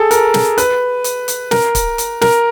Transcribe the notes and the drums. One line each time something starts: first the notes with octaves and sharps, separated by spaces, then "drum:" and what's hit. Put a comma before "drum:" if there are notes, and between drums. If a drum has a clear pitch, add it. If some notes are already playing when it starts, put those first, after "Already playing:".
Already playing: G#4 A4
A#4, drum: hi-hat
drum: snare
B4, drum: hi-hat
drum: hi-hat
drum: hi-hat
A#4, drum: snare
drum: kick, hi-hat
drum: hi-hat
A#4, drum: snare